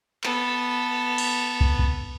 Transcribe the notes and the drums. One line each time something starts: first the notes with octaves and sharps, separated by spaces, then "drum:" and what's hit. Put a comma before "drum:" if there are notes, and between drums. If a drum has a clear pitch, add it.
B3 A4, drum: clap
drum: cymbal
drum: kick
drum: kick